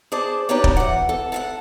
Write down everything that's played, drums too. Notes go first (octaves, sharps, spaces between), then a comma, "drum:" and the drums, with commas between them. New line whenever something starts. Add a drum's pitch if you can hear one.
G#4 C5 D5 A5
D4 D#4 G4 B4 C#5 D5
drum: kick
E3 F#5
A4
A4 F5 F#5